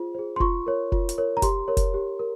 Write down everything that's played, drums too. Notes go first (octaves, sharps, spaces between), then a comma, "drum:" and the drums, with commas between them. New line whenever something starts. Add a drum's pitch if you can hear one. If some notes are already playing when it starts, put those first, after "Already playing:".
Already playing: F4 G#4 C5
G#4 C5
C6
F4 C#6, drum: kick F1
A#4 C#5
F4, drum: kick F1
drum: hi-hat
A#4 C#5
A#5
G4 C6, drum: kick F1, hi-hat
A#4 C#5
drum: kick F1, hi-hat
G4
A#4